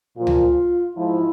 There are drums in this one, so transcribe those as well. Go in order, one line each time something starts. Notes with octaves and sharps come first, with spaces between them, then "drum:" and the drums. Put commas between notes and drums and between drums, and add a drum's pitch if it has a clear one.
A#2 F3 F4
drum: tom C#2
G#2 F3 E4